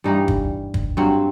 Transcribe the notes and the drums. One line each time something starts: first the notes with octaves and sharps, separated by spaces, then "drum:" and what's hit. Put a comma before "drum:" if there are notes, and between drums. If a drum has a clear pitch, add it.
G2 E3 G3 D#4
drum: kick
drum: kick
G2 F#3 C4